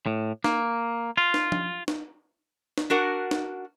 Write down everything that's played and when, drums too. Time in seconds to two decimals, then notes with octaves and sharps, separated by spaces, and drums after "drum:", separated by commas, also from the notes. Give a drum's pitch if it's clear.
0.06 A2
0.44 A#3, drum: snare
1.17 F4
1.34 drum: snare
1.52 drum: tom F3
1.88 drum: snare
2.78 drum: snare
2.90 D4 F#4 A#4 F#5
3.31 drum: snare